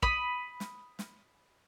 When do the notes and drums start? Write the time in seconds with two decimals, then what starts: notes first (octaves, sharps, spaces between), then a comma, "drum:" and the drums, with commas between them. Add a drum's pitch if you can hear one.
0.02 B5 D#6, drum: kick
0.60 drum: snare
0.99 drum: snare